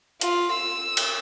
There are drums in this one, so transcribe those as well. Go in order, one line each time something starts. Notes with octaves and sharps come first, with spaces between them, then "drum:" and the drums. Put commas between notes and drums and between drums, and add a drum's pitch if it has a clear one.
F4, drum: hi-hat
E6
drum: cymbal